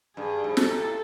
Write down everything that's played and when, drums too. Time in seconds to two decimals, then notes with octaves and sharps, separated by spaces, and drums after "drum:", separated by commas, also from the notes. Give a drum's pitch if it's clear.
0.17 G2 G#4
0.44 G#2
0.57 A4, drum: snare
0.71 A2